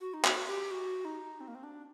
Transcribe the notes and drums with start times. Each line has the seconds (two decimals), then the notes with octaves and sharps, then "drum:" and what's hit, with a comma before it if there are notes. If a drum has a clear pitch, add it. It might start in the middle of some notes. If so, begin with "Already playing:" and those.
0.01 F#4
0.14 D#4
0.25 F#4, drum: clap
0.48 G4
0.71 F#4
1.05 D#4
1.40 C4
1.48 A#3
1.55 C4
1.63 D4